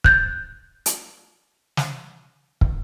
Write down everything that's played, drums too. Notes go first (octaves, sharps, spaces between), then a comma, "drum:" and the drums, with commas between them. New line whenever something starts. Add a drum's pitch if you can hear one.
F#6 G6 A6, drum: kick
drum: hi-hat
drum: snare
drum: kick